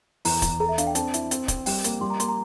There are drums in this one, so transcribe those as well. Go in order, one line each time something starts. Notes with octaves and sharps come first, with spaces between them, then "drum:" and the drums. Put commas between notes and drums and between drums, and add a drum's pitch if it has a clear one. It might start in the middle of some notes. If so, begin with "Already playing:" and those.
E2 A#5, drum: open hi-hat
E2, drum: kick, hi-hat
A4 A#5
E5
D4 F5, drum: hi-hat
G5
C4 A5, drum: hi-hat
E4, drum: hi-hat
C4, drum: hi-hat
C4, drum: kick, hi-hat
G3 G5, drum: open hi-hat
A#3, drum: hi-hat
G3 C6
A#5
A#3 C6, drum: hi-hat
A#5